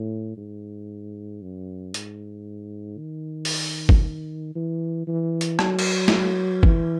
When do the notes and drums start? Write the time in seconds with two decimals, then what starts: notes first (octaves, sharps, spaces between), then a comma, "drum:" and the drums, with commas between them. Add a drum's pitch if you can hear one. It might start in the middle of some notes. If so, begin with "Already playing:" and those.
Already playing: A2
0.37 G#2
1.42 F#2
1.94 G#2, drum: hi-hat
2.98 D#3
3.45 drum: open hi-hat
3.89 drum: kick G1
4.55 E3
5.07 E3
5.41 drum: hi-hat
5.59 F#3, drum: rim click
5.79 drum: cymbal
6.08 drum: snare
6.63 E3, drum: kick G1